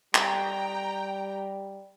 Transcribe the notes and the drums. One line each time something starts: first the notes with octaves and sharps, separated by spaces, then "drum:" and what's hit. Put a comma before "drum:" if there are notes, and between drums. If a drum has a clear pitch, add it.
G3 G5 A#5, drum: clap